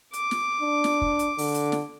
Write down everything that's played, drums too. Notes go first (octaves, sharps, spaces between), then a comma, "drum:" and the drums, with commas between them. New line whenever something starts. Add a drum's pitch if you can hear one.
D6, drum: hi-hat
drum: snare
D4
drum: snare
drum: kick
drum: hi-hat
D3, drum: open hi-hat
drum: hi-hat
drum: snare